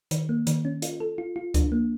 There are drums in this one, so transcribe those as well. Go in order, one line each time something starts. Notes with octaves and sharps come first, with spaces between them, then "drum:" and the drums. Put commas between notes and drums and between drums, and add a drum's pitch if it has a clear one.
D#3, drum: hi-hat
A#3
D#3, drum: hi-hat
C#4
F4, drum: hi-hat
A4
F4
F4
D4, drum: kick C#2, hi-hat
A#3